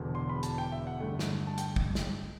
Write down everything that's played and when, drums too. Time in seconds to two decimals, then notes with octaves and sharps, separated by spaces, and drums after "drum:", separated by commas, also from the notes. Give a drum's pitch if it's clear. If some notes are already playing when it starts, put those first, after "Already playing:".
Already playing: E1 E2 D3
0.15 C6
0.29 B5
0.43 A5, drum: hi-hat
0.58 G5
0.72 E5
0.87 F#5
1.00 G2 D3 A3
1.19 drum: snare
1.47 A5
1.58 G5, drum: hi-hat
1.76 drum: kick
1.95 drum: snare